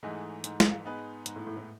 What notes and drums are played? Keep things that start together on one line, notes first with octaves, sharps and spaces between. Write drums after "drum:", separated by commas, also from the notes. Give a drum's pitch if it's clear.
G#2 E3 A3 D#4 G#4 D#5
G#2, drum: hi-hat
drum: snare
B3 D#4 G#4 B4
G#2, drum: hi-hat
A2
A2
A2